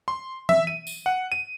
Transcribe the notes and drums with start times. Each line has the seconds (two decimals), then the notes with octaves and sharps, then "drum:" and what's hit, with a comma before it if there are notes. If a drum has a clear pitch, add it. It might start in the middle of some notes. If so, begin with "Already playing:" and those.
0.08 C6
0.49 E5, drum: tom E3
0.67 D#7
0.87 drum: tambourine
1.06 F#5
1.32 D#7